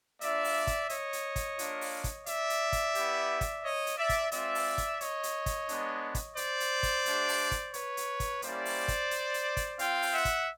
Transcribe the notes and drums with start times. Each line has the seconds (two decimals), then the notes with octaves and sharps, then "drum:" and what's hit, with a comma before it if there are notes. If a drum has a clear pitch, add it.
0.21 A#3 D4 F4 D5 E5, drum: hi-hat
0.44 drum: open hi-hat
0.67 drum: kick, hi-hat
0.89 C#5 D#5, drum: hi-hat
1.13 drum: hi-hat
1.36 drum: kick, hi-hat
1.59 A#3 D4 F4, drum: hi-hat
1.81 drum: open hi-hat
2.04 drum: kick, hi-hat
2.26 D5 E5, drum: hi-hat
2.50 drum: hi-hat
2.73 drum: kick, hi-hat
2.95 B3 E4 G4, drum: hi-hat
3.41 drum: kick, hi-hat
3.64 C#5 D#5
3.87 drum: hi-hat
3.97 D5 E5
4.09 drum: kick, hi-hat
4.32 G#3 C4 F4 D5 E5, drum: hi-hat
4.55 drum: open hi-hat
4.78 drum: kick, hi-hat
5.01 C#5 D#5, drum: hi-hat
5.23 drum: hi-hat
5.46 drum: kick, hi-hat
5.69 G#3 B3 D4, drum: hi-hat
6.15 drum: kick, hi-hat
6.37 C5 D5, drum: hi-hat
6.60 drum: hi-hat
6.83 drum: kick, hi-hat
7.06 A3 D4 G4, drum: hi-hat
7.29 drum: open hi-hat
7.51 drum: kick, hi-hat
7.74 B4 C#5, drum: hi-hat
7.97 drum: hi-hat
8.20 drum: kick, hi-hat
8.42 G3 A#3 C#4 E4 G4 C5 D5, drum: hi-hat
8.65 drum: open hi-hat
8.88 drum: kick, hi-hat
9.11 drum: hi-hat
9.34 drum: hi-hat
9.57 drum: kick, hi-hat
9.79 C4 F4 F5 G5, drum: hi-hat
10.02 drum: open hi-hat
10.13 E5 F#5
10.25 drum: kick, hi-hat